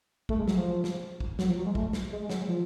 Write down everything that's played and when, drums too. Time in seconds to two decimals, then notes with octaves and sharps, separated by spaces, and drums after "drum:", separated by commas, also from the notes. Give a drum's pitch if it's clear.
0.29 A3, drum: kick
0.39 G#3
0.48 F#3, drum: snare
0.56 F3
0.84 drum: snare
1.20 drum: kick
1.39 F#3, drum: snare
1.48 F3
1.57 F#3
1.66 G#3
1.75 A3, drum: kick
1.93 drum: snare
2.11 G#3
2.22 G#3
2.30 F#3, drum: snare
2.48 F3